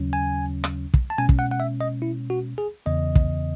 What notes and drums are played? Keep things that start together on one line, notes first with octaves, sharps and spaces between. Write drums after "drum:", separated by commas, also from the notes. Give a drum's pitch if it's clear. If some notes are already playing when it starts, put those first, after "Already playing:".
Already playing: D#2 C#3 F#3 C#4
G#5
drum: rim click
drum: kick
A5
B2 G#3 C#4 G#5
drum: kick
F#5
F#5
E5
D#5
E4
F#4
G#4
E2 C#3 E3 B3 D#5
drum: kick